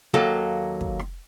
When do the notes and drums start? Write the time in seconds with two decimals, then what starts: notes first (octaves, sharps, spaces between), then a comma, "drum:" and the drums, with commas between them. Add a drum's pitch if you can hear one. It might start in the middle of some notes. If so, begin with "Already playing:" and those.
0.14 D#2 F#3 A#3 A4
0.81 drum: kick
0.99 drum: rim click